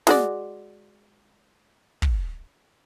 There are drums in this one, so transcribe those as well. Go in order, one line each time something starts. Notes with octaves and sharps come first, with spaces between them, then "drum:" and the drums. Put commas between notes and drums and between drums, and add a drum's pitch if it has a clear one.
G#3 F#4 D5, drum: snare
drum: kick